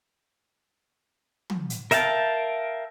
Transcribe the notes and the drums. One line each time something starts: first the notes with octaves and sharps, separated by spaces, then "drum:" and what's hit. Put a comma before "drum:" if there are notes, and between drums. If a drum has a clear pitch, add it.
drum: tom
drum: hi-hat
A#4 E5 F5 G5 A5, drum: hi-hat